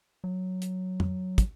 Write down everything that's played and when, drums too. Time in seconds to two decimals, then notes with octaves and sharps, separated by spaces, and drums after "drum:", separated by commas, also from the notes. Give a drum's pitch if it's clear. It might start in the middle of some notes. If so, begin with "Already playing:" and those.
0.24 F#3
0.62 drum: hi-hat
1.00 drum: tom
1.38 drum: kick, hi-hat